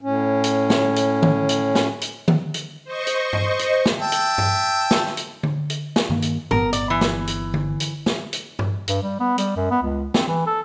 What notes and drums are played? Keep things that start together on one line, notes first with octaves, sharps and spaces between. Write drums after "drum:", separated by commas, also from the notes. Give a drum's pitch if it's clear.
A2 C#4
drum: hi-hat
drum: snare
drum: hi-hat
drum: tom D#3
drum: hi-hat
drum: snare
drum: hi-hat
drum: tom D#3
drum: hi-hat
C5 D#5 C#6
drum: hi-hat
drum: tom G2
drum: hi-hat
drum: snare
E5 G5 A5
drum: hi-hat
drum: tom G2
drum: snare
drum: hi-hat
drum: tom
drum: hi-hat
drum: snare
G2 D#3 A#3
drum: hi-hat
G1 B3 A#4, drum: tom G#2
D5, drum: hi-hat
E3
drum: snare
drum: hi-hat
drum: tom
drum: hi-hat
drum: snare
drum: hi-hat
drum: tom G2
G2, drum: hi-hat
G3
B3
G3, drum: hi-hat
F#2
B3
C#2
C4, drum: snare
E3
A4